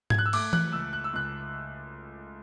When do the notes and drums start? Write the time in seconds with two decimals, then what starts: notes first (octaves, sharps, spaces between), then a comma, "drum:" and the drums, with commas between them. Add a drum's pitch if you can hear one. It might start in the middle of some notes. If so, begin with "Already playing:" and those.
0.10 G#6, drum: tom G#2
0.18 F#6
0.26 E6
0.33 A3 D6, drum: cymbal
0.53 F#6, drum: tom E3
0.72 C#2 E6
0.93 F#6
1.04 E6
1.13 C#2 F#6